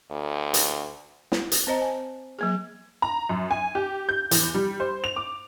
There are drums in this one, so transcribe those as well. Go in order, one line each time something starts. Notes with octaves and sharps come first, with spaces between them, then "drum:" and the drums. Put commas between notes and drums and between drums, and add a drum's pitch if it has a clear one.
D2
drum: hi-hat
drum: snare
drum: hi-hat
C4 C5 D#5 A#5
G#5
F#3 A#3 G#4
A#5
F#2
G#5
G4
G6
E2, drum: hi-hat
G3
C5
F7
D6